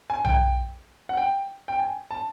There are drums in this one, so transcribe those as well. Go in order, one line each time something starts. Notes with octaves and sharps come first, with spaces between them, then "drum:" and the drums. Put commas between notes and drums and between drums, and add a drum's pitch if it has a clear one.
G#5
G5, drum: tom B1
F#5
G5
G5
G#5
A5